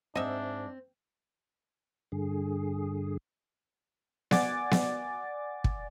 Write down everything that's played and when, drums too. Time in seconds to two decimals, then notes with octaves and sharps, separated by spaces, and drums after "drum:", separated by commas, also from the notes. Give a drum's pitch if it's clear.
0.15 G#2 C4 D4 D#5 E5 F#5
2.12 G2 D3 G#4
4.31 D5 F#5 G#5 D6 A6, drum: snare B3
4.71 drum: snare B3
5.64 drum: kick